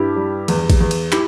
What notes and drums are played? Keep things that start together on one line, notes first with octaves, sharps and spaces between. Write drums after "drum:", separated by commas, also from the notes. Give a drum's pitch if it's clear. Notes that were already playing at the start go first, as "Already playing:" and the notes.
Already playing: G2 E4 G4
G3
E2, drum: cymbal
drum: kick, cymbal
E2
drum: cymbal
E4 G4, drum: clap